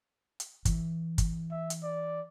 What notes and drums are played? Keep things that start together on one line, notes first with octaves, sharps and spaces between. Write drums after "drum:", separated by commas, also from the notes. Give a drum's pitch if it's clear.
drum: hi-hat
E3, drum: kick, hi-hat
drum: kick, hi-hat
E5
drum: hi-hat
D5